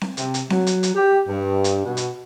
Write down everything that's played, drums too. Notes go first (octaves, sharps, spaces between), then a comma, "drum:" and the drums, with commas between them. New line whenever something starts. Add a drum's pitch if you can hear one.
drum: snare C4
C3, drum: hi-hat
drum: hi-hat
F#3, drum: snare C4
drum: hi-hat
drum: hi-hat
G4
G2
drum: hi-hat
B2
drum: hi-hat